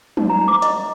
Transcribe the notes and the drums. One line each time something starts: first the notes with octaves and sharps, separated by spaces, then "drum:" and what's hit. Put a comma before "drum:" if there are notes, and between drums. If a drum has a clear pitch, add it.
D#4, drum: tom F#3
A#5
D6
D#5, drum: hi-hat